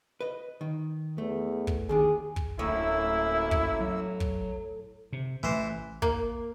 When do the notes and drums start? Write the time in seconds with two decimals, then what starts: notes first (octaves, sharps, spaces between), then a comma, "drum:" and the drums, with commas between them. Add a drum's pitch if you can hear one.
0.21 B4 D#5
0.61 D#3
1.18 E2 A3
1.67 drum: kick
1.89 D#2 D#3 D4 G#4
2.36 drum: kick
2.59 D1 F#2 A2 A#3 E4 E6
3.51 drum: kick
3.80 F#3
4.20 drum: kick
5.13 C3
5.43 A1 E3 C5
6.02 A#3, drum: kick